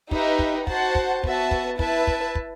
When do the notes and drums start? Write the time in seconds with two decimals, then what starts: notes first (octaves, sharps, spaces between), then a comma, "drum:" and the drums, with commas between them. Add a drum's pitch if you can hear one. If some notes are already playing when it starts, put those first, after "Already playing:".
0.11 D#4 G4 B4 E5, drum: kick
0.39 drum: kick
0.67 F#4 C5 F#5 A5, drum: kick
0.95 drum: kick
1.24 B3 F#4 B4 E5 A5, drum: kick
1.51 drum: kick
1.79 E4 B4 E5 A5, drum: kick
2.07 drum: kick
2.35 drum: kick